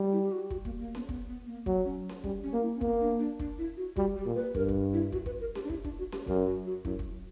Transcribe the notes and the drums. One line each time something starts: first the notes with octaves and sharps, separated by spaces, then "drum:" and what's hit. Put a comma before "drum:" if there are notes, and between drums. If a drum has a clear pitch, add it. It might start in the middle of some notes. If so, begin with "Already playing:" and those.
Already playing: G3
E4
G4
F#4
F#4, drum: kick
A#3, drum: kick
A#3
B3, drum: snare C#4
B3, drum: kick
B3
A#3
F#3, drum: kick
C#4
drum: snare C#4
G3 C#4, drum: kick
C#4
A#3
E4
C#4
A#3 B3, drum: kick
D4
D4
D4, drum: kick
E4
F#4
G3 F#4, drum: kick
G4
A#2
B4
G2 A#4, drum: kick
drum: kick
E4
F#4, drum: kick
B4, drum: kick
A#4
G4, drum: snare C#4
D4
E4, drum: kick
D4, drum: kick
F#4
G4, drum: snare C#4
F#2 A#4, drum: kick
F#4
F#4
F#2 E4, drum: kick
drum: kick